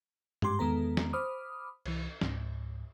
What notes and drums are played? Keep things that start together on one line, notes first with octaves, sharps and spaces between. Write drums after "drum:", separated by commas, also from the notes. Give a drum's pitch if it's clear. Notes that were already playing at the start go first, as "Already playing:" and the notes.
G2 G#3 G4 C6 D6, drum: tom G#2
E2 D#3 G#3 B3 A4 A#5
drum: snare
C5 B5 D6 D#6 F6
C2 E3, drum: cymbal
C#2 G#2, drum: snare